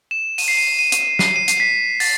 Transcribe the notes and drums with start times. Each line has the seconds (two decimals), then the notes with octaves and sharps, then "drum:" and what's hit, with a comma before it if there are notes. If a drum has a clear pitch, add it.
0.11 E7
0.38 D#7, drum: open hi-hat
0.48 C7
0.57 D#7
0.79 D#7
0.92 drum: hi-hat
1.19 C7, drum: snare
1.36 D#7
1.48 C7, drum: hi-hat
1.60 B6
2.00 A6, drum: open hi-hat